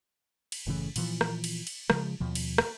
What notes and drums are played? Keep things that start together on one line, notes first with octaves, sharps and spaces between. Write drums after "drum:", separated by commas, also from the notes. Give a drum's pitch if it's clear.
drum: cymbal
F#1 A2 C#3 E3
A#2 E3 F3, drum: cymbal
drum: rim click
drum: cymbal
drum: cymbal
C#3 F3 G#3, drum: rim click
D#2 B2 F3
drum: cymbal
drum: rim click